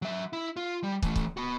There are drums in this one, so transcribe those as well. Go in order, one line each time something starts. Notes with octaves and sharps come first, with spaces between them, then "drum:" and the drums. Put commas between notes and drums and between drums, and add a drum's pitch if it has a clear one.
F#3 E5
E4
F4
G3
E3 A3, drum: kick
drum: kick
B3 F#4